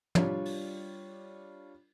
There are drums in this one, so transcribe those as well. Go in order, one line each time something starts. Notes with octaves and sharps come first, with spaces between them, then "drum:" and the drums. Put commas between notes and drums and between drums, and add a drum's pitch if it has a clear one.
G3 D4 F4 C#5, drum: tom
drum: open hi-hat